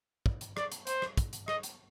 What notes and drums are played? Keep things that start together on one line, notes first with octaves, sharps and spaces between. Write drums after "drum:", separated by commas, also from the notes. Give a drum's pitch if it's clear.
drum: kick
drum: hi-hat
D5, drum: rim click
drum: hi-hat
C5, drum: hi-hat
drum: rim click
drum: kick, hi-hat
drum: hi-hat
D#5, drum: rim click
drum: hi-hat